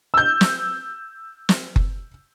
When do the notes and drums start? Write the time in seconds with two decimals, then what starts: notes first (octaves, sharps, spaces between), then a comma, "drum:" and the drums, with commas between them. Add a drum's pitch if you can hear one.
0.14 E6 G6
0.41 drum: snare
1.49 drum: snare
1.76 drum: kick F#1